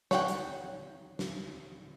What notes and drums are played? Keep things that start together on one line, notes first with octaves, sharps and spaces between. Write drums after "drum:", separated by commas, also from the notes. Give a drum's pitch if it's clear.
C#5 F#5 G5, drum: snare
drum: hi-hat
drum: snare